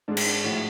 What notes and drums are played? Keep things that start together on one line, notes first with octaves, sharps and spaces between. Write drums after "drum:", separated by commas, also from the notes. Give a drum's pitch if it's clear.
G#2 G#3 D4
drum: cymbal
D4
A2 F3 G#3 F#4